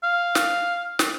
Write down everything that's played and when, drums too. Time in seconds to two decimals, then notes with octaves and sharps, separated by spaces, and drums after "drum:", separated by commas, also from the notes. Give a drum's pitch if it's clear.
0.03 F5
0.35 drum: snare
0.99 drum: snare